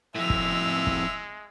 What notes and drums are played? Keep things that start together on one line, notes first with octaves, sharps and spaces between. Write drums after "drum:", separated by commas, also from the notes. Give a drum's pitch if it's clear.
F2 A2 G#3 E5 E6 F7
drum: kick
drum: kick